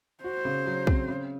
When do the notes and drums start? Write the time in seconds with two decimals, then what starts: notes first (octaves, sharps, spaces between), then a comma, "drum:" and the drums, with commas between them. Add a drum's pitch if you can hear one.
0.24 F#4 C5
0.45 C#3
0.66 F#3
0.87 C4, drum: kick
1.08 C#3